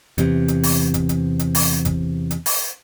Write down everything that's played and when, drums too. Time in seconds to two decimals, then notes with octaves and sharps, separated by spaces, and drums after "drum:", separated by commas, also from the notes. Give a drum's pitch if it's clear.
0.18 E2 C3, drum: hi-hat
0.48 drum: hi-hat
0.63 drum: open hi-hat
0.94 drum: kick G#1, hi-hat
1.09 drum: hi-hat
1.39 drum: hi-hat
1.55 drum: open hi-hat
1.85 drum: kick G#1, hi-hat
2.31 drum: hi-hat
2.46 drum: open hi-hat